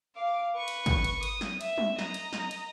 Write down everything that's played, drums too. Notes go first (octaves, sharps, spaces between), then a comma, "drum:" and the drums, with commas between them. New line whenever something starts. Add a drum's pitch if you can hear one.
F5 D6
B4 C#6
drum: cymbal
drum: kick, cymbal
drum: cymbal
D#6, drum: cymbal
drum: snare
E5, drum: cymbal
drum: tom
D#5 A#5, drum: snare
drum: cymbal
drum: snare
drum: cymbal